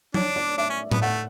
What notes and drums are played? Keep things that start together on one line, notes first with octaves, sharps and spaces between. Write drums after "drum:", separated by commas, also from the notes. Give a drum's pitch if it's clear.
D4 C#5, drum: tom F#3
D5
D4 E5
C#4
B3, drum: tom A2
A3 F#5